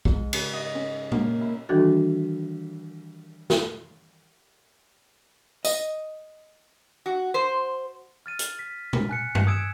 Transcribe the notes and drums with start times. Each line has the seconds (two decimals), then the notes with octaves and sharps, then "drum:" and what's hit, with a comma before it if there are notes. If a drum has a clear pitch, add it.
0.05 G#2, drum: kick
0.33 C#3, drum: cymbal
0.54 D#5
0.75 C#4
1.12 A#3, drum: tom A#2
1.41 E4
1.69 D#3 E3 G3 D4 F#4 A4
3.50 drum: snare
5.65 D#5, drum: tambourine
7.06 F#4
7.34 C5
8.26 F6 A6 D#7
8.39 drum: hi-hat
8.59 B6
8.93 drum: tom A#2
9.09 G#5 F#6 C#7
9.35 drum: tom G2
9.47 D#6 E6 G#6 D7 E7